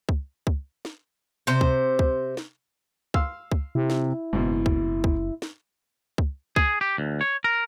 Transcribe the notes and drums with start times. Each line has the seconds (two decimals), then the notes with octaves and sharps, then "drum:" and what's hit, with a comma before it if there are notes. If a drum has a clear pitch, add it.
0.09 drum: kick C#2
0.47 drum: kick C#2
0.85 drum: snare
1.47 C3 C5
1.61 drum: kick C#2
1.99 drum: kick C#2
2.37 drum: snare
3.14 F5 C6 E6, drum: kick C#2
3.52 drum: kick C#2
3.75 C3 E4
3.90 drum: snare
4.33 F#1 G#2 B2
4.66 drum: kick C#2
5.04 drum: kick C#2
5.42 drum: snare
6.18 drum: kick C#2
6.56 G#4, drum: kick C#2
6.81 G4
6.98 D2
7.21 C#5
7.44 A#4